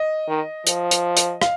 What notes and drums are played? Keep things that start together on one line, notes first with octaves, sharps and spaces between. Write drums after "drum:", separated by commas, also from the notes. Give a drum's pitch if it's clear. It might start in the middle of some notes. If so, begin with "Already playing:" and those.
Already playing: D#5
D#3
F3, drum: hi-hat
drum: hi-hat
drum: hi-hat
F5, drum: rim click